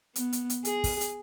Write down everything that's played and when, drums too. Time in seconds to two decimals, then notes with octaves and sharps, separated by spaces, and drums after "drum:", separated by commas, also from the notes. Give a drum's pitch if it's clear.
0.16 B3, drum: hi-hat
0.33 drum: hi-hat
0.50 drum: hi-hat
0.65 G#4, drum: hi-hat
0.84 drum: kick, open hi-hat
1.01 drum: hi-hat